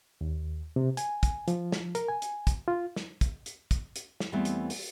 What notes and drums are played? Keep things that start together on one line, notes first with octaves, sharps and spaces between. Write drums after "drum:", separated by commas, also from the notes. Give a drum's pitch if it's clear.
D#2
C3
G#5, drum: hi-hat
drum: kick, hi-hat
F3, drum: hi-hat
drum: snare
A#4, drum: hi-hat
G#5
drum: hi-hat
drum: kick, hi-hat
F4
drum: snare
drum: kick, hi-hat
drum: hi-hat
drum: kick, hi-hat
drum: hi-hat
drum: snare
E2 E3 G3 A3 B3 C4
drum: hi-hat
drum: open hi-hat